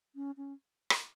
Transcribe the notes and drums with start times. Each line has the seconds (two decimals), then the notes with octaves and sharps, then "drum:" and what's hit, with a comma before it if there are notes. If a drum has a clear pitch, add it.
0.15 C#4
0.37 C#4
0.90 drum: rim click